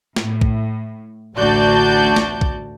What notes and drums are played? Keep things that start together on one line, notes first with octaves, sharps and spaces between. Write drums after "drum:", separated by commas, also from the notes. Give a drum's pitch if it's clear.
A2, drum: snare
drum: kick
A1 D2 F#4 D5 A5 G6
drum: snare
drum: kick